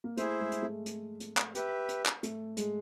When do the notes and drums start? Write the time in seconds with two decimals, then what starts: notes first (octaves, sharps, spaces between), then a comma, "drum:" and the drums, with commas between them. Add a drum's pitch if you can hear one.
0.04 A#3
0.17 A3 E4 G#4 C5 E5, drum: hi-hat
0.40 G#3
0.52 drum: hi-hat
0.62 A3
0.86 drum: hi-hat
1.20 drum: hi-hat
1.37 drum: clap
1.55 G4 B4 E5, drum: hi-hat
1.89 drum: hi-hat
2.06 drum: clap
2.23 A3, drum: hi-hat
2.57 G#3, drum: hi-hat